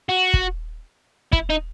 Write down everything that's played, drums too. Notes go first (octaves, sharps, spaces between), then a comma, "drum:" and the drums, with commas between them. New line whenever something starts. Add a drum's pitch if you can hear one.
F#4
drum: kick
E4, drum: kick
D#4